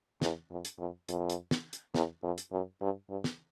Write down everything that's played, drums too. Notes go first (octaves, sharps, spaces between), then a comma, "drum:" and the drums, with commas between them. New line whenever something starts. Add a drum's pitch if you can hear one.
E2, drum: snare
F2
drum: hi-hat
F2
F2, drum: hi-hat
drum: hi-hat
drum: snare
drum: hi-hat
E2, drum: snare
F2
drum: hi-hat
F#2
G2
G2
drum: snare